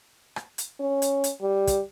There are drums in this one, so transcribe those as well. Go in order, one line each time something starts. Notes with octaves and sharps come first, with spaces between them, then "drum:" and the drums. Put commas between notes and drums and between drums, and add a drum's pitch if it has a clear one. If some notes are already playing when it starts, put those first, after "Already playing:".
drum: rim click
drum: hi-hat
C#4
drum: hi-hat
drum: hi-hat
G3
drum: kick, hi-hat